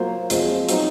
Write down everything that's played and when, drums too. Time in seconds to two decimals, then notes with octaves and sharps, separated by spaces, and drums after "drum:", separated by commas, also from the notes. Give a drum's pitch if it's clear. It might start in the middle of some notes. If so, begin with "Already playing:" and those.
Already playing: F#3 A#3 F4 C5
0.30 F3 G#3 C4 F4, drum: hi-hat
0.69 F#3 C4 D#4, drum: hi-hat